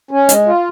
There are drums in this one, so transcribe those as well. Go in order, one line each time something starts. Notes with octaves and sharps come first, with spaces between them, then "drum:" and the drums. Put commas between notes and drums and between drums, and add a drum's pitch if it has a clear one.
C#4
G#3, drum: hi-hat
F4